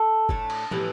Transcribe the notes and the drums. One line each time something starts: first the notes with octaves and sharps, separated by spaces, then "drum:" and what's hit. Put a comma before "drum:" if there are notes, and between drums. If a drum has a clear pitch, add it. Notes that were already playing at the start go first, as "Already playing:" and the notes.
Already playing: A4
A2 A3 D4, drum: kick
drum: cymbal
A2 E3 G3 B3, drum: tom